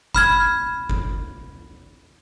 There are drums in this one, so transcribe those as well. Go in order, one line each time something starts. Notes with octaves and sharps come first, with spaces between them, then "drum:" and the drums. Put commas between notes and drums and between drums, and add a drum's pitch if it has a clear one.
B5 F6 G#6, drum: kick G1
drum: kick G1